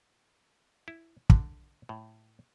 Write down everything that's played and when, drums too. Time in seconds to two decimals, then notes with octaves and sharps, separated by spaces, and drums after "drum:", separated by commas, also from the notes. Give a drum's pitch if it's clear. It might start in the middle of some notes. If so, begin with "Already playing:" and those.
0.88 E4
1.30 D3, drum: kick
1.89 A2